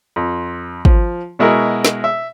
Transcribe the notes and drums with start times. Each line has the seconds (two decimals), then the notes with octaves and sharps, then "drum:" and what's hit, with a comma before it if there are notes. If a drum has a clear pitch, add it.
0.16 F2
0.85 F3, drum: kick
1.39 B2 G#3 E4 F#4 A#4
1.85 drum: snare
2.04 E5